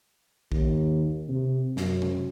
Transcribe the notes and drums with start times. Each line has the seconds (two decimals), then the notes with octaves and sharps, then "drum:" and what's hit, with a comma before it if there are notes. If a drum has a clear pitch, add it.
0.52 D#2, drum: kick B1
1.29 C3
1.77 F#2, drum: snare
2.02 drum: tom C3